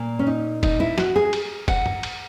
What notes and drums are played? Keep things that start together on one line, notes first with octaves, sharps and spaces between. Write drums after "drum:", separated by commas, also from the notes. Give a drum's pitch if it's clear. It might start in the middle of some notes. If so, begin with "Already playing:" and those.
Already playing: A#2 A#3
C#4
D#4
D#4, drum: kick F1, cymbal
E4
F#4, drum: snare
G#4
drum: cymbal
F#5, drum: kick F1, cymbal
drum: tom F#2
drum: cymbal